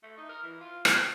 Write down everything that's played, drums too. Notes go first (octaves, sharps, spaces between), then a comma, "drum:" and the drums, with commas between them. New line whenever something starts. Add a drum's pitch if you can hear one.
A3
D#4
A#4
E3
F4
B3, drum: rim click
C#4